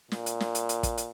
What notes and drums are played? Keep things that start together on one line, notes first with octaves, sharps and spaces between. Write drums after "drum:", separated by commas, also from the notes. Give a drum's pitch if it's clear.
A#2, drum: snare
drum: hi-hat
drum: snare
drum: hi-hat
drum: hi-hat
drum: kick, hi-hat
drum: hi-hat